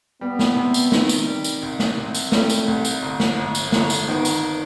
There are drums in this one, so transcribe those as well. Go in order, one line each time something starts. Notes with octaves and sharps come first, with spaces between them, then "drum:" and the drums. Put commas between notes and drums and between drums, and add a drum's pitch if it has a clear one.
G3 B3
drum: snare
C3
drum: tambourine
D#3, drum: snare
drum: tambourine
G3
drum: tambourine
C2
drum: snare
C3
drum: tambourine
G3 A3, drum: snare
drum: tambourine
C2
drum: tambourine
G1
drum: snare
G1
drum: tambourine
G1 A3, drum: snare
drum: tambourine
D#3 B3
drum: tambourine